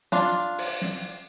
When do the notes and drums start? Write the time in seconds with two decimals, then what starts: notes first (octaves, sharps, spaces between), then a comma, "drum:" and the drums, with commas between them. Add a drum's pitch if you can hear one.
0.12 D4 F4, drum: snare
0.58 drum: open hi-hat
0.82 drum: snare